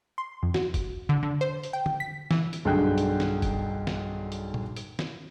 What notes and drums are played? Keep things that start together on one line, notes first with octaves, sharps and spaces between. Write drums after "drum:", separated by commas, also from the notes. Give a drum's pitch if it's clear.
C6
F2
F#4, drum: snare
drum: kick F#1, hi-hat
D3
D3
C5
drum: hi-hat
G5
drum: tom D3
B6
E3, drum: snare
drum: hi-hat
B1 G2 D3 G#4 G5 F#6
drum: hi-hat
drum: snare
drum: kick F#1, hi-hat
drum: snare
drum: hi-hat
drum: tom A#2
drum: hi-hat
drum: snare